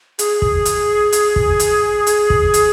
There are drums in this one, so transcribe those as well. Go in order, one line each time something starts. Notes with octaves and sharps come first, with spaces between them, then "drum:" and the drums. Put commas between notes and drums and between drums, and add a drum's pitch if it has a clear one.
G#4, drum: hi-hat
drum: kick
drum: hi-hat
drum: hi-hat
drum: kick
drum: hi-hat
drum: hi-hat
drum: kick
drum: hi-hat